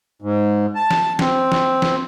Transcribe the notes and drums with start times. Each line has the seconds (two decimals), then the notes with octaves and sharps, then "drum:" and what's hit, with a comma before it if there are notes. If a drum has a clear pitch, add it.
0.22 G#2
0.75 A5
0.91 drum: snare
1.19 C4, drum: snare
1.52 drum: snare
1.82 drum: snare